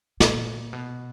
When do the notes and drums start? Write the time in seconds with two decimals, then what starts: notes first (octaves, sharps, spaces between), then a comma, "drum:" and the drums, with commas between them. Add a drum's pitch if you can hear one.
0.20 A#2, drum: snare
0.73 B2